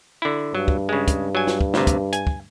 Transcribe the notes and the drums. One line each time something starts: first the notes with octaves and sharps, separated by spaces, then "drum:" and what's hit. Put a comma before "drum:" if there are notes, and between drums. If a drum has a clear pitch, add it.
D3 E4
G2 F#3
drum: kick
C#3 G#3
drum: kick, hi-hat
F#3 G#5
drum: snare
drum: kick
D2 C3, drum: snare
drum: kick, hi-hat
G#5, drum: hi-hat
drum: kick